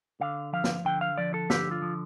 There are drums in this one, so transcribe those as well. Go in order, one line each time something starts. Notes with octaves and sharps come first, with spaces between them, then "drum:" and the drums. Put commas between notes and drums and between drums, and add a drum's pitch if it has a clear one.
D3 F5
F3 F5
drum: snare
D3 G5
F5
F3 D5
A4
D3 G4, drum: snare
F4
F3